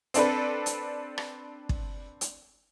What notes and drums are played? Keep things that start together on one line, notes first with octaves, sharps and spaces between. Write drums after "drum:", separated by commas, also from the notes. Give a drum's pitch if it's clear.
C4 D4 A4 B4, drum: hi-hat
drum: hi-hat
drum: rim click
drum: kick
drum: hi-hat